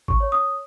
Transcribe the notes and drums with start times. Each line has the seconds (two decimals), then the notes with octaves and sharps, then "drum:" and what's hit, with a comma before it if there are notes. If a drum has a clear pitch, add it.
0.08 C#6, drum: kick G#1
0.20 C#5
0.32 D#6